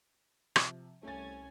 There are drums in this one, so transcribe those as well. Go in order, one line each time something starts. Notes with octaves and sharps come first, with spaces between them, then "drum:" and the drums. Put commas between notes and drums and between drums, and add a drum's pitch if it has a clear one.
C3 F3, drum: rim click
C2 A3 C#4 G#5 A6